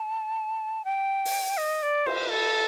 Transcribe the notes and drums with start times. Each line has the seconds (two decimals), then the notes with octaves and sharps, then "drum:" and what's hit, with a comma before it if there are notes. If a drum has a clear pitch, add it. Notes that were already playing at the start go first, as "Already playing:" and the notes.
Already playing: A5
0.85 G5
1.25 drum: open hi-hat
1.57 D#5
1.83 D5
2.06 C5, drum: cymbal
2.30 A4